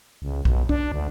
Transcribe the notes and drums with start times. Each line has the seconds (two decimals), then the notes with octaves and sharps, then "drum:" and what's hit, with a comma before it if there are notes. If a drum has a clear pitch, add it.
0.22 C#2
0.45 B1, drum: kick B1
0.69 D4, drum: kick B1
0.92 D2